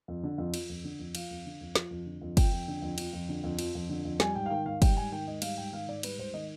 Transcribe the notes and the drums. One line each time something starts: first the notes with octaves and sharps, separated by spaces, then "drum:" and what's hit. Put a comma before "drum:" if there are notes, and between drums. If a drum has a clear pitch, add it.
F2
D3
F2
F3, drum: cymbal
F2
D3
F2
F3 F5, drum: cymbal
F2
D3
F2
F3, drum: snare
F2
D3
F2
F3 G5, drum: kick, cymbal
F2
D3
F2
F3, drum: cymbal
F2
D3
F2
F3, drum: cymbal
F2
D3
F2
G3 G#5, drum: snare
G#2 G5
F5
D#3 G5
G#2 F5
G3 G5, drum: kick, cymbal
G#2 G#5
D#3 G5
G#2 D#5
G3 F5, drum: cymbal
G#2 G5
D#3 F5
G#2 D5
G3 B4, drum: cymbal
G#2 C5
D#3 D#5